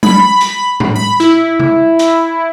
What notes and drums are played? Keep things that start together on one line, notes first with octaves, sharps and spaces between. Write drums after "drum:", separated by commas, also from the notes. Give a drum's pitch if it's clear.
B5, drum: tom F#3
drum: hi-hat
drum: tom
B5
E4, drum: hi-hat
drum: tom C3
drum: hi-hat